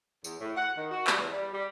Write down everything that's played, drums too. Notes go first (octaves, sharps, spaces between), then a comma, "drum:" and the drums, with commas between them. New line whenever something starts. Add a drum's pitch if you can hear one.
E2, drum: tambourine
A2
F#5
D#3
F#4
G3, drum: clap
E2
G3
G3